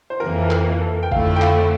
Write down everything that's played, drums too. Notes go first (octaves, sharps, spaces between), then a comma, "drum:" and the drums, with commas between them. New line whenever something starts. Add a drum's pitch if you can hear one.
C5
F2 E3 A#3 A#4
A4
A#4, drum: clap
A4
G5
F2 D3 A3 E4 F5, drum: kick G#1
G5
F5, drum: clap